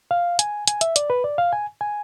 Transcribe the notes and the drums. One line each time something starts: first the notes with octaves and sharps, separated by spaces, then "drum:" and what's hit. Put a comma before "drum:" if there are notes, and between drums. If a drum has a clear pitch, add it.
F5
G#5, drum: hi-hat
G#5, drum: hi-hat
E5, drum: hi-hat
D5, drum: hi-hat
B4
D5
F5
G#5
G#5